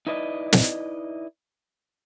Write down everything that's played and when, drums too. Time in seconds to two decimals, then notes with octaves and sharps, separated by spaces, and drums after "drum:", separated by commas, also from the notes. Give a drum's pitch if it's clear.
0.07 D#4 E4 B4 D5 D#5
0.53 drum: snare